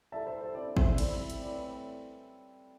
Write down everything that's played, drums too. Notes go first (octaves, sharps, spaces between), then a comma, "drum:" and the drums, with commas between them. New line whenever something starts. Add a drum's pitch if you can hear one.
G3 E4 A4 E5 A5
C5 E5
C5
G3 C4 E4 D5
C5 E5, drum: kick
G3 C4 E4 D5, drum: cymbal
drum: hi-hat
A2 E3 C4 E4 D5